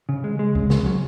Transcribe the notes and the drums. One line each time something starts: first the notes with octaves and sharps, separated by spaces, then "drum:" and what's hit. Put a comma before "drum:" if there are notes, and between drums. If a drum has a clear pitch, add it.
C#3
G#3
G#3
C#3, drum: kick C#2
C#3, drum: snare
F#3